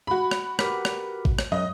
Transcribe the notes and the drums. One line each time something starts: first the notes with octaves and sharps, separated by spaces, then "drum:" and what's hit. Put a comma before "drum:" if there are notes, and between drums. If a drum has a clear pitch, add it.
F#4 B5
drum: rim click
G4 A#4 B4, drum: rim click
drum: rim click
drum: kick A1
drum: rim click
F#2 D#5